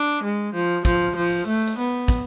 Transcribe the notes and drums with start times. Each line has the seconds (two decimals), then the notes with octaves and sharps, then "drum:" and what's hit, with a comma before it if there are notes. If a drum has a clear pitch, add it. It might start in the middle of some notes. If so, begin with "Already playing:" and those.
Already playing: D4
0.23 G#3
0.54 F3
0.85 F3, drum: kick, hi-hat
1.16 F3
1.26 drum: open hi-hat
1.47 A3
1.67 drum: hi-hat
1.78 B3
2.08 drum: kick, hi-hat